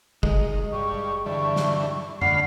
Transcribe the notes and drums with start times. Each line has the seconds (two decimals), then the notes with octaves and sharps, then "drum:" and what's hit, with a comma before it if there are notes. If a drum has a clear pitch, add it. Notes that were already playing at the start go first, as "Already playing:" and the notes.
0.23 D#3 G#3, drum: kick
0.73 G2 C#6
1.26 G2 D3 E3 C#6
1.56 drum: snare
2.22 D3 F#5 B5 F6 C7, drum: tom F#2